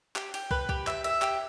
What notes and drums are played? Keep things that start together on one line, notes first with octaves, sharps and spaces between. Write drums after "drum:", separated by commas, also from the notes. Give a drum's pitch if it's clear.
G4, drum: clap
G4, drum: cymbal
B4, drum: kick
G4, drum: kick
E5, drum: clap
E5, drum: cymbal
G4, drum: clap